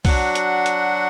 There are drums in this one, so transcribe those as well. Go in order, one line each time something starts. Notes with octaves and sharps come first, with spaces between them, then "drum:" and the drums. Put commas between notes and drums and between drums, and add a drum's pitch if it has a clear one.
F#3 D4 F#4 F#5, drum: kick, open hi-hat
drum: hi-hat
drum: hi-hat